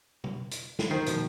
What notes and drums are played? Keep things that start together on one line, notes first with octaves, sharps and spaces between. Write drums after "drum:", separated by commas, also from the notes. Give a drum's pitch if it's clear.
drum: tom B2
drum: hi-hat
drum: snare
D#3 C5
B2 F3, drum: hi-hat